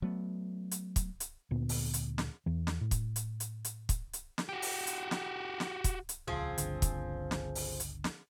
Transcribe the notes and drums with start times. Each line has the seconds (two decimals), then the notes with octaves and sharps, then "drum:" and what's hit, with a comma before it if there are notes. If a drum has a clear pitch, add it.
0.02 F#3 A3 B3
0.71 drum: hi-hat
0.96 drum: kick, hi-hat
1.20 drum: hi-hat
1.51 D2 A#2 B3
1.69 drum: open hi-hat
1.94 drum: hi-hat
2.18 drum: snare
2.46 E2 E3
2.67 drum: snare
2.81 A2
2.91 drum: kick, hi-hat
3.16 drum: hi-hat
3.40 drum: hi-hat
3.65 drum: hi-hat
3.89 drum: kick, hi-hat
4.13 drum: hi-hat
4.38 drum: snare
4.49 F#4 G4
4.62 drum: open hi-hat
4.87 drum: hi-hat
5.11 drum: snare
5.60 drum: snare
5.84 drum: kick, hi-hat
6.09 drum: hi-hat
6.27 D#1 C#2 F3 C4 G#4
6.58 G1 C#2 D3, drum: hi-hat
6.82 drum: kick, hi-hat
7.31 drum: snare
7.55 drum: open hi-hat
7.80 drum: hi-hat
8.04 drum: snare